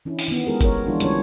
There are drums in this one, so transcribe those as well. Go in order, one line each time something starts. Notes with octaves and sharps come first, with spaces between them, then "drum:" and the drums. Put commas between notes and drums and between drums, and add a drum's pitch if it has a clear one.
E3 C#4 D4 E4
drum: open hi-hat
D#3 B3
G#3 B3 F4 G4 G#4 A#4
B3 A#4 C#5, drum: kick, hi-hat
E3 F3 G#3 D4 E4 F4
D3 G3 A#3 C#4 C#5, drum: hi-hat